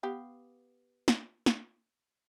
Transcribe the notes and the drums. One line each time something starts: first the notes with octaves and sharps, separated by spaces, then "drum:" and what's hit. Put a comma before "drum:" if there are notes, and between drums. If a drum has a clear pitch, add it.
B3 G4 F5
drum: snare
drum: snare